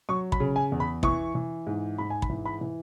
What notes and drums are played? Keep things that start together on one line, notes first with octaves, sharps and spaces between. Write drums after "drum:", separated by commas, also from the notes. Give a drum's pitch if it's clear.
F#3 C#6
B5, drum: kick
C#3
G#5
E2
B5
E3 C#6, drum: kick
E3
G#2
G#2 B5
G#5
B5, drum: kick
E3
B5
E3